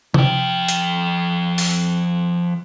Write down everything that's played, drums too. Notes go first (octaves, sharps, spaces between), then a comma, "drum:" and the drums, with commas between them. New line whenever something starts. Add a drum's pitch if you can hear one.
F3 G5, drum: tom C3
drum: hi-hat
drum: open hi-hat